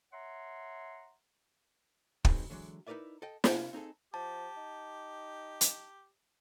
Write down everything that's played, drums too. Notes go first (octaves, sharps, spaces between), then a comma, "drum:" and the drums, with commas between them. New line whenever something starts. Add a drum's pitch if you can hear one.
C#5 E5 F#5 A#5 C6
F#3 C4 D#4 G#4 B4 C5, drum: kick
D3 E3 F#3 G#3
D#4 E4 A#4 B4 D5 E5
A4 D#5 G5
C3 A#3 D4, drum: snare
C4 D#4 G#4 A4
F3 G4 A5
D#4
drum: hi-hat